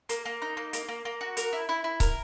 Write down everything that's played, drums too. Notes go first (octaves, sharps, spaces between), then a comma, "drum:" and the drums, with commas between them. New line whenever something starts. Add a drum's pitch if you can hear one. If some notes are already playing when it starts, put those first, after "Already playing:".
A#3, drum: hi-hat
A#3
D#4
A#3
A#3, drum: hi-hat
A#3
A#3
F#4
A#4, drum: hi-hat
E4
E4
E4
A#4, drum: kick C#1, hi-hat